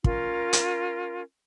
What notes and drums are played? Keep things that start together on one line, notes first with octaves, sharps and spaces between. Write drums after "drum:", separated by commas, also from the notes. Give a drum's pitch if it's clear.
C#4 F4 A#4, drum: kick
drum: hi-hat